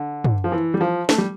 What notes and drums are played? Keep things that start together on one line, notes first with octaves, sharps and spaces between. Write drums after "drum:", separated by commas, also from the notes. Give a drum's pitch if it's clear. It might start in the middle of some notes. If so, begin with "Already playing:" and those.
Already playing: D3
drum: tom
F3
E3
G3
F3
A3, drum: snare
G3